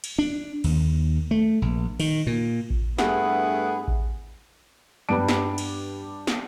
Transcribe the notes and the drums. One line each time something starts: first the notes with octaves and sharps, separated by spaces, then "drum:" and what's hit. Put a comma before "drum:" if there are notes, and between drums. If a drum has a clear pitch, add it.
drum: cymbal
D4
D#2, drum: cymbal
A3
A#1
D#3, drum: cymbal
A#2
drum: kick A1
G2 A3 B3 E4 G#4 F#5, drum: snare
drum: kick A1
G2 G3 B3 D4 D7
drum: snare
drum: cymbal
drum: snare